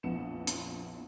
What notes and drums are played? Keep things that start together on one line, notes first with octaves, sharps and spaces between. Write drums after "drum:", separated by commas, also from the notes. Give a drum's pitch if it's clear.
A#1 F2 B3 E4 C#7 E7
drum: hi-hat